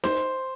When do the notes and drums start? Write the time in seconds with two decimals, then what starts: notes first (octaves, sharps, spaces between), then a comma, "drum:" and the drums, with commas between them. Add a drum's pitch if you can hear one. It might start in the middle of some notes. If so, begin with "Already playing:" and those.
0.04 C5, drum: snare D#4